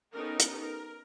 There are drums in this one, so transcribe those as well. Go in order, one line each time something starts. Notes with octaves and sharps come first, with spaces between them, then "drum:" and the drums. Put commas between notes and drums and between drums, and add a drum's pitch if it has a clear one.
B3 C#4 D#4 G4 A4 A#4
drum: hi-hat
A#4